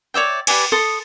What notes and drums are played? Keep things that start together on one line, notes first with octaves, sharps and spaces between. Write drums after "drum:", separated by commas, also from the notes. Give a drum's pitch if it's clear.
C#5 D5 E5 G5
G4 B4 D5 G#5, drum: cymbal
A4 C6 D#6